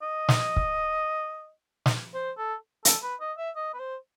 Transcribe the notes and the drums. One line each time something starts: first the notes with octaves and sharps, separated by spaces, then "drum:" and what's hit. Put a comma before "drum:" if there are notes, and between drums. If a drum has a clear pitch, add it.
D#5
drum: snare
drum: kick
drum: snare
C5
A4
A4, drum: hi-hat
B4
D#5
E5
D#5
B4
C5